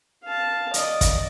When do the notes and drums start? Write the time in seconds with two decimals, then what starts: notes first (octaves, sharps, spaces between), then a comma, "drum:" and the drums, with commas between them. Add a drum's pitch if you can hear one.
0.24 F5 A5
0.74 D5 D#5, drum: hi-hat
1.01 drum: kick, hi-hat